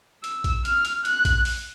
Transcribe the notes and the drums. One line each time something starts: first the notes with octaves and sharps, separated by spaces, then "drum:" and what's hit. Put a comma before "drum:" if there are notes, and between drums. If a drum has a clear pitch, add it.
E6, drum: hi-hat
drum: kick A#1, hi-hat
F6, drum: hi-hat
drum: hi-hat
F#6, drum: hi-hat
drum: kick A#1, hi-hat
drum: open hi-hat